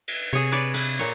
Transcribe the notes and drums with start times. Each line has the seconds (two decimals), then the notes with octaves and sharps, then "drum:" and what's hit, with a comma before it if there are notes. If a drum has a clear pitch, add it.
0.08 drum: cymbal
0.33 C3 G#4 C#5
0.52 B4 C#5 D5
0.74 B4, drum: cymbal
0.99 A#2 C#5